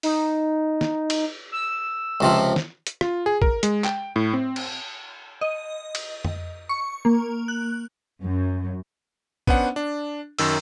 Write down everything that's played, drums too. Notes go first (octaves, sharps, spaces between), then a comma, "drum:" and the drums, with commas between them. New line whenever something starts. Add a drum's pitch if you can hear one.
D#4, drum: open hi-hat
drum: snare
drum: cymbal
E6
C#2 C3 F3
drum: snare
drum: hi-hat
F4, drum: rim click
G#4
A#4, drum: kick
G#3, drum: hi-hat
G5, drum: clap
A2
C4
drum: cymbal
D#5
drum: cymbal
drum: tom F2
C#6
A#3
F#6
F#2
B3 C#4 D4 C5 F#5, drum: kick
D4
F#2 D#3 E6, drum: open hi-hat